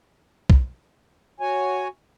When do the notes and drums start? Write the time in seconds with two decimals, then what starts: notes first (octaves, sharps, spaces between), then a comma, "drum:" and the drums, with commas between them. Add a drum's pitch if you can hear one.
0.50 drum: kick B1
1.40 F#4 C#5 G#5